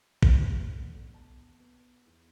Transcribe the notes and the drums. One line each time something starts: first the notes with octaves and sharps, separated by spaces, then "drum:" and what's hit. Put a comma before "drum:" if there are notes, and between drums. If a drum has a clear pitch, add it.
B3 E5, drum: kick A1
D3
B2 A5
B3
E2